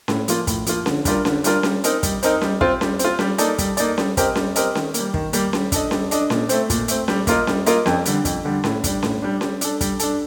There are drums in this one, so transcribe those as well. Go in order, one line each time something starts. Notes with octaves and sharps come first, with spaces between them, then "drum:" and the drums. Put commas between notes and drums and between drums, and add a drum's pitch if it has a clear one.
A2, drum: snare C#4
F3 A#3 F4, drum: hi-hat
A2, drum: kick, hi-hat
F3 A#3 F4, drum: hi-hat
D3, drum: snare C#4
G3 D4 F4 A#4, drum: kick, hi-hat
D3, drum: snare C#4
G3 D4 F4 A#4, drum: hi-hat
G3, drum: snare C#4
C4 D#4 A#4 D#5, drum: hi-hat
G3, drum: kick, hi-hat
C4 D#4 A#4 D#5, drum: hi-hat
G3, drum: snare C#4
C4 F4, drum: kick
G3, drum: snare C#4
C4, drum: hi-hat
F4
G3, drum: snare C#4
A#3 D#4 A4 D5, drum: hi-hat
G3, drum: kick, hi-hat
A#3 D#4 A4 D5, drum: hi-hat
G3, drum: snare C#4
C4 G4 A#4 D#5, drum: kick, hi-hat
G3, drum: snare C#4
C4 G4 A#4 D#5, drum: hi-hat
D#3, drum: snare C#4
G3 A#3, drum: hi-hat
D#3, drum: kick
G3 A#3, drum: hi-hat
G3, drum: snare C#4
D4 A4 D#5, drum: kick, hi-hat
G3, drum: snare C#4
D4 A4 D#5, drum: hi-hat
A#2, drum: snare C#4
A3 C4, drum: hi-hat
A#2, drum: kick, hi-hat
A3 C4, drum: hi-hat
G3, drum: snare C#4
A#3 F4 A#4 D#5, drum: kick, hi-hat
G3, drum: snare C#4
A#3 F4 A#4 D#5, drum: hi-hat
F2, drum: snare C#4
D3 G3, drum: hi-hat
F2, drum: kick, hi-hat
D3 G3
A2, drum: snare C#4
G3 D4, drum: kick, hi-hat
A2, drum: snare C#4
G3 D4
G3, drum: snare C#4
D4 A4, drum: hi-hat
G3, drum: kick, hi-hat
D4 A4, drum: hi-hat